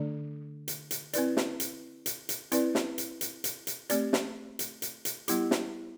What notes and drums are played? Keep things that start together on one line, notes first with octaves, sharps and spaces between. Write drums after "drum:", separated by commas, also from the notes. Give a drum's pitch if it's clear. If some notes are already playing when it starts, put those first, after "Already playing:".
Already playing: D3 A3 D4 D5
drum: hi-hat
drum: hi-hat
C4 E4 B4 D5, drum: hi-hat
drum: snare
drum: hi-hat
drum: hi-hat
drum: hi-hat
C4 E4 B4 D5, drum: hi-hat
drum: snare
drum: hi-hat
drum: hi-hat
drum: hi-hat
drum: hi-hat
A3 C4 G4 D5, drum: hi-hat
drum: snare
drum: hi-hat
drum: hi-hat
drum: hi-hat
G3 B3 E4 G4, drum: hi-hat
drum: snare